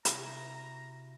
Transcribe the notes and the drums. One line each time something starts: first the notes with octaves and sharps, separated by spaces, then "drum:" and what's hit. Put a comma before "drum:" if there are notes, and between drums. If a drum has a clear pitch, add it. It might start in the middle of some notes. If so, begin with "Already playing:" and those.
C3 E4 F#4 A#5, drum: hi-hat